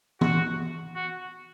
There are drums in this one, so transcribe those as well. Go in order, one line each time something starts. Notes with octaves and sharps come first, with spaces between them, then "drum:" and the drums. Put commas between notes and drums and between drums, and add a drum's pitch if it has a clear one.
F#4, drum: tom
F#4